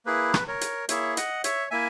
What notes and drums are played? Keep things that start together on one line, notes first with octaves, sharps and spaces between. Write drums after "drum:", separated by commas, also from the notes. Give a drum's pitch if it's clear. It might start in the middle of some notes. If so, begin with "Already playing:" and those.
A#3 E4 G#4 B4
drum: rim click
A#4 C#5
drum: hi-hat
A#3 E4 G#4 C#5 E5, drum: hi-hat
D#5 F#5, drum: hi-hat
C#5 E5, drum: hi-hat
A#3 E4 E5 G#5